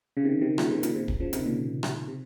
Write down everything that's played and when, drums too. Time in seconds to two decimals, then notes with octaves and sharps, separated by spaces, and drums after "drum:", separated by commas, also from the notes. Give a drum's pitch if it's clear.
0.17 C#3
0.24 C3 D#3
0.41 C3 D#3
0.58 A#2 C#3, drum: rim click
0.70 C3 D#3
0.83 A#2 C#3, drum: hi-hat
0.96 C3
1.08 drum: kick D1
1.20 C#3 F3
1.33 C3 D#3, drum: hi-hat
1.45 A#2 C#3
1.83 drum: rim click
2.08 C3